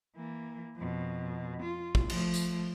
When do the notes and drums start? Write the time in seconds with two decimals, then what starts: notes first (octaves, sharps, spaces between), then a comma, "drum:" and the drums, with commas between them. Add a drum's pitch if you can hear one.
0.16 E3 A#3
0.76 F2 B2
1.62 F4
1.95 drum: kick
2.10 F3 A3, drum: cymbal
2.34 drum: tambourine